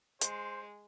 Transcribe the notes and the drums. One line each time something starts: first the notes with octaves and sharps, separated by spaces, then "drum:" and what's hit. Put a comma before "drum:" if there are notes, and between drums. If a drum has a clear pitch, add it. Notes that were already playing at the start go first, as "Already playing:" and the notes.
G#3 C5, drum: hi-hat